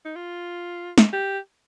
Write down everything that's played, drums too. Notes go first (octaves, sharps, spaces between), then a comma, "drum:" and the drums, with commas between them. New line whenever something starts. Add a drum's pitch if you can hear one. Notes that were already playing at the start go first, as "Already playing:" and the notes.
D#4
F4
drum: snare
G4